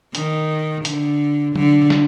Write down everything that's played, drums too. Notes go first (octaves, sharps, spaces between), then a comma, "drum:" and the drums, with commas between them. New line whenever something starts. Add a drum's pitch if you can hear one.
D#3, drum: hi-hat
D3, drum: hi-hat
D3, drum: tom F#3
drum: snare